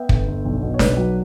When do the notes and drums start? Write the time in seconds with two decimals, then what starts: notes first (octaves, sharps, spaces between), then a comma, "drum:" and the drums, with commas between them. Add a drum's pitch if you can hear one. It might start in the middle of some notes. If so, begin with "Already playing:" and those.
Already playing: B3 E5 G5
0.09 G1, drum: kick
0.28 G1
0.45 B1
0.63 B2
0.74 C#5
0.79 B1 B4 D5, drum: snare
0.97 F#3